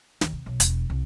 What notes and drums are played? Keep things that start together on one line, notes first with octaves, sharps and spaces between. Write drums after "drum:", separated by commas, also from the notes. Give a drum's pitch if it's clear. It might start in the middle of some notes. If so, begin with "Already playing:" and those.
D#2, drum: snare
C3
B1
E1, drum: hi-hat
C2